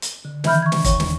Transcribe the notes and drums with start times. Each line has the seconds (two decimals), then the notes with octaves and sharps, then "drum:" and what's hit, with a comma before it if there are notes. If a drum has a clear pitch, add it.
0.02 drum: hi-hat
0.25 D3
0.44 D#3 E3 E5 B5 F6 G6, drum: snare
0.62 C#6 G#6
0.72 drum: snare
0.84 D#2 C#5 C#6, drum: kick, hi-hat
1.00 drum: snare